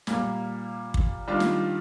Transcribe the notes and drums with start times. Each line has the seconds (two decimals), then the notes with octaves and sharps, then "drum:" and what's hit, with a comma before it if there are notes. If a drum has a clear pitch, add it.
0.07 A#2 G3 A#3, drum: snare
0.94 drum: kick
1.28 D#3 G3 D4 F4
1.40 drum: snare